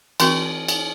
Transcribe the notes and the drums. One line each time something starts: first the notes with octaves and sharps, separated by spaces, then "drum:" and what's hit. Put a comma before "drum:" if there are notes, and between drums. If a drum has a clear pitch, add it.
E3 C4 F#4, drum: cymbal
drum: cymbal